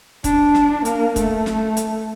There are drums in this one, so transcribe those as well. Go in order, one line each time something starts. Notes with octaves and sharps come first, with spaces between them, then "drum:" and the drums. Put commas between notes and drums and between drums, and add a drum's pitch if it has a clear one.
D4, drum: kick, hi-hat
drum: snare
A#3, drum: hi-hat
A3, drum: kick, hi-hat
drum: snare
drum: hi-hat